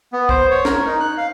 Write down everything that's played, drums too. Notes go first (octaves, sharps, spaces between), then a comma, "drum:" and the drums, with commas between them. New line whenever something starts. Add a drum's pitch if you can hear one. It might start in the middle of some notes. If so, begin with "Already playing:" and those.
B3
C5, drum: kick
C#5
A#4, drum: snare
D#4
F#6
F5